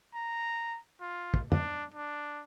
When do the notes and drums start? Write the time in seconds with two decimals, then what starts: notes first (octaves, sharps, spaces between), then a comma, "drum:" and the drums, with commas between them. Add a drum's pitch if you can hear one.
0.14 A#5
1.01 F4
1.34 drum: kick
1.52 D4, drum: tom
1.94 D4